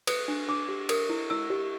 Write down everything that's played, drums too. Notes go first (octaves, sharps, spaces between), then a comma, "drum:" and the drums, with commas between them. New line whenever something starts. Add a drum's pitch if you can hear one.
B4 D#6, drum: cymbal
D4
D4 D6
G4
A#4 D#6, drum: cymbal
E4
E4 E6
G4